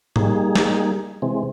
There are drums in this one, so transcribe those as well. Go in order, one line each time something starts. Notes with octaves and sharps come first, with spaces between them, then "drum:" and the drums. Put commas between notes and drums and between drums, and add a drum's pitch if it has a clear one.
G3 A#3 D#4 G#4, drum: tom
drum: snare
C3 E3 G#3 C4